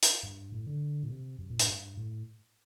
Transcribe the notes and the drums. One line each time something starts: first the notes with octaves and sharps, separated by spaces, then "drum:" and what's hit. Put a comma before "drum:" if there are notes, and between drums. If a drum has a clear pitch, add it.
drum: hi-hat
G2
A2
D3
A#2
C3
F#2
A#2
A2, drum: hi-hat
G2
A2